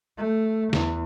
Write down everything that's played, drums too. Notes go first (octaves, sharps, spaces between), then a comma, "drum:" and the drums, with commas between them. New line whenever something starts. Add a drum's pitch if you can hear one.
A3
E2, drum: snare